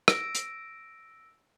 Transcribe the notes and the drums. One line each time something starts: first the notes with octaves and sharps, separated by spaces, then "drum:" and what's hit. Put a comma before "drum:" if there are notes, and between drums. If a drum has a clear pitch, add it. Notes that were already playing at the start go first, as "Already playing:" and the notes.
E6 A#6 D7, drum: rim click
drum: hi-hat